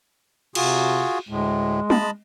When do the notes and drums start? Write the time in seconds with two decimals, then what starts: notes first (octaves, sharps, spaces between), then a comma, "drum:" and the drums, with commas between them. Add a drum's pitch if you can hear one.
0.55 C3 F4 F#4 G#4, drum: cymbal
1.29 D2 A2 G#3
1.90 D#5 A5 B5, drum: tom